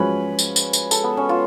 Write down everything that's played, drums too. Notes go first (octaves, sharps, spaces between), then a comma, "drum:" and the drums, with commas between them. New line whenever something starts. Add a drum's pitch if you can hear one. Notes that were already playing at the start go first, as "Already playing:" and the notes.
Already playing: F3 G#3 C#4 F#4 B4
drum: tambourine
drum: tambourine
drum: tambourine
A4, drum: tambourine
B3
C#4
F4